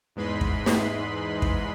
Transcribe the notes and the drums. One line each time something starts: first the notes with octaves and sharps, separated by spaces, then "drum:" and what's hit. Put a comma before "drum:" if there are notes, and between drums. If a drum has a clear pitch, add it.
E2 G#2 G#3 B4 B5 C6
drum: kick
drum: snare
drum: kick